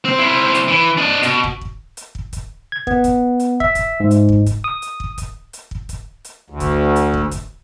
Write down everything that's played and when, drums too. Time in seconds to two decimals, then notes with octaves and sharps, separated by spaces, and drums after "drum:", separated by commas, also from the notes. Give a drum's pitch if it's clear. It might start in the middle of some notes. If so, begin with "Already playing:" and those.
0.05 C4
0.19 C4 E4
0.55 drum: hi-hat
0.68 E3
0.98 D4 D#5
1.23 B2, drum: hi-hat
1.44 drum: kick
1.61 drum: kick
1.97 drum: hi-hat
2.15 drum: kick
2.33 drum: kick, hi-hat
2.72 G#6
2.87 B3, drum: kick
3.04 drum: kick, hi-hat
3.40 drum: hi-hat
3.60 E5, drum: kick
3.75 drum: kick, hi-hat
4.00 G#2
4.11 drum: hi-hat
4.29 drum: kick
4.46 drum: kick, hi-hat
4.64 D#6
4.82 drum: hi-hat
5.00 drum: kick
5.18 drum: kick, hi-hat
5.53 drum: hi-hat
5.71 drum: kick
5.89 drum: kick, hi-hat
6.25 drum: hi-hat
6.50 D2
6.60 drum: kick, hi-hat
6.96 drum: hi-hat
7.14 drum: kick
7.32 drum: kick, hi-hat